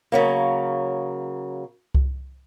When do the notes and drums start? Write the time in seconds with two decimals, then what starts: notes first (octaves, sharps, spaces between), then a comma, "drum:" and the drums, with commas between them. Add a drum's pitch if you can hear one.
0.12 C#3 F#3 A#3
1.95 drum: kick C2